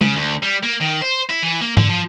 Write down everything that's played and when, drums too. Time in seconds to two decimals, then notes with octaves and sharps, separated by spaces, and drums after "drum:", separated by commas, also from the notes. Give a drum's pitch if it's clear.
0.01 C#3, drum: tom G#3
0.15 D2
0.43 G3
0.63 A#3
0.81 D#3
1.02 C5
1.30 E4
1.43 E3
1.61 A#3
1.77 D3, drum: tom
1.89 F3